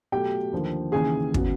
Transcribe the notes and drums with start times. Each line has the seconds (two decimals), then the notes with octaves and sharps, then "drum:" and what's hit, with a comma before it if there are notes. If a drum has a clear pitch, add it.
0.12 B2 F#3 A3 G4 G5
0.52 D#2 D3 F3 A#3
0.92 D#2 C#3 E3 G#4 G#5
1.34 C#3 F#3 B3, drum: kick